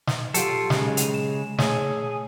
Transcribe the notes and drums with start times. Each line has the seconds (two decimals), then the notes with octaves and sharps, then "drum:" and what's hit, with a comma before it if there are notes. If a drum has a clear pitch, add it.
0.07 drum: snare
0.34 F#3 F4 G4 A4 F5, drum: hi-hat
0.70 C#3 G#3, drum: snare
0.97 D#7 F7, drum: hi-hat
1.14 E7
1.59 A3 G#4 C#5, drum: snare